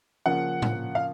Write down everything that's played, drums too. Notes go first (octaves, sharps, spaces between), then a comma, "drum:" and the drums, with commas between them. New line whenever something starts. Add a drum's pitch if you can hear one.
C#3 F3 A#3 C#4 F#5
drum: tom A2
F5